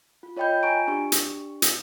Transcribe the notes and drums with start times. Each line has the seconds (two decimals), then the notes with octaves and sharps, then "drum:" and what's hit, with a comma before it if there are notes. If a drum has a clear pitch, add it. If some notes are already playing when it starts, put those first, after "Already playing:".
0.23 F4
0.36 F4 C#5 D#5 G5 B5 G6
0.63 F4 G#5 A#5 C#6 D7
0.87 D4 G4 C#6
1.12 drum: hi-hat
1.62 drum: hi-hat